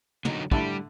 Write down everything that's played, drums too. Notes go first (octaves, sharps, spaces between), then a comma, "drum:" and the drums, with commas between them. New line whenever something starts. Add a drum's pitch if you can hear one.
D3 F#3 D#4, drum: tom
D3 G3 A3 E4, drum: kick